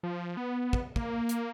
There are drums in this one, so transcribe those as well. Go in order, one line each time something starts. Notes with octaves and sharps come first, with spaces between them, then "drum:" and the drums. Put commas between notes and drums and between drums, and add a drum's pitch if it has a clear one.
F3
B3
drum: kick
A#3, drum: kick
drum: hi-hat